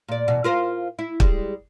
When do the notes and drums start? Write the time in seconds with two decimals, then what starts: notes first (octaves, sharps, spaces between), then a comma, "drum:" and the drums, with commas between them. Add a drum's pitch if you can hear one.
0.08 A#2 D5
0.28 E2 B2
0.44 F4 A#4 C5
0.99 E4
1.20 G3 G#3, drum: kick